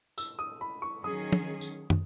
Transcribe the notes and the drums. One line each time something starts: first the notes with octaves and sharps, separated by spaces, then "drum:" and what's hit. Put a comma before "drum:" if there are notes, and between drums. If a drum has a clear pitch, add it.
E6, drum: tambourine
D#6
B5
C#6
D#3 F#3 C#4 G#4 D#6
drum: tom
drum: tambourine
drum: tom